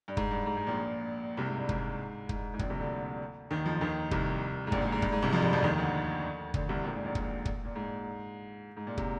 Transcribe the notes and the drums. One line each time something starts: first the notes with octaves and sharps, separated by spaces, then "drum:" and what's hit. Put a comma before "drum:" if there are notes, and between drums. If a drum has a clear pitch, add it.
G2
G#2, drum: kick
G2
G#2
G#2
A#1 A#2
C2 C3
G#2
G2
G#2, drum: kick
G#2, drum: kick
G#2
A#1 A#2, drum: kick
C2 C3
D2 D3
D#2 D#3
F2 F3
D#2 D#3
C2 C3, drum: kick
G#2
A#1 A#2, drum: kick
G#2
G#2
G2, drum: kick
G#2
C2 C3
F2 F3
G2 G3
F2 F3
D#2 D#3
D2 D3
D2 D3, drum: kick
C2 C3
A#1 A#2
G#2
A#1 A#2
drum: kick
drum: kick
A#2
G#2
G#2
A#2
C3, drum: kick